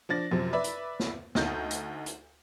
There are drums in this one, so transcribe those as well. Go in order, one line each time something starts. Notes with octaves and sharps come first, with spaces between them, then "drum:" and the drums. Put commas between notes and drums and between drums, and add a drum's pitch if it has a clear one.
F3 D4 A6 A#6
F#2 C3 F3
B4 D5 E5
drum: hi-hat
drum: snare
D2 D#4 G6, drum: snare
drum: hi-hat
drum: hi-hat